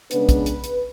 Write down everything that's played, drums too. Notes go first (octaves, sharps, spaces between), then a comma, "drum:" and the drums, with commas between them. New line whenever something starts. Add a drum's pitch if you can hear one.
C#3 G#3 B3 D4 B4, drum: hi-hat
drum: kick, hi-hat
drum: hi-hat
drum: hi-hat